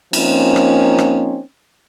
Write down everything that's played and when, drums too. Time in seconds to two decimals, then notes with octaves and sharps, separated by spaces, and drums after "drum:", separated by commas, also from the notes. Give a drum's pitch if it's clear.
0.13 F3 A#3 C4 C#4 D#4, drum: cymbal
0.56 drum: rim click
0.98 drum: rim click